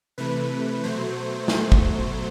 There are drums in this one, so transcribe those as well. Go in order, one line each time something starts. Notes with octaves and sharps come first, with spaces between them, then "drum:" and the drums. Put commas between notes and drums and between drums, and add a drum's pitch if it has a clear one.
C3 E3 A3 B4
B2 F#3 A3 C5
drum: snare
drum: kick